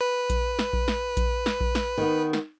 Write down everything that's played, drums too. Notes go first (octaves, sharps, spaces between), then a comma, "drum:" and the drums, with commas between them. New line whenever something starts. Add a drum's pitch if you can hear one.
B4
drum: kick A#1, hi-hat
drum: snare
drum: kick A#1
drum: snare
drum: kick A#1, hi-hat
drum: snare
drum: kick A#1
drum: snare
D#3 B3
drum: snare